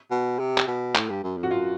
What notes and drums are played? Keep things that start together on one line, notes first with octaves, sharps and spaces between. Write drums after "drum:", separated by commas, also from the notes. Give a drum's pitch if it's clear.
B2
C3
drum: clap
B2
A2, drum: clap
G2
F#2
F2
F#4
F#2 F4